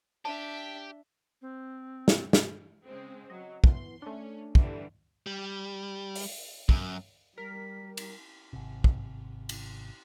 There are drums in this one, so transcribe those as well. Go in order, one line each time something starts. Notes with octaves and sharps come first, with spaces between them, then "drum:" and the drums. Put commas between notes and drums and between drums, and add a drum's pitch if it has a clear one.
D4 G4 E5 A5
C4
drum: snare
drum: snare
C#3 G#3 C4
F#3 D#5
E3 B3 C6, drum: kick
A3 C#4 D4
D3 E3 G3, drum: kick
G3
drum: open hi-hat
F#2, drum: kick
G3 A#4 B6
drum: cymbal
G#1 C3
drum: kick
drum: cymbal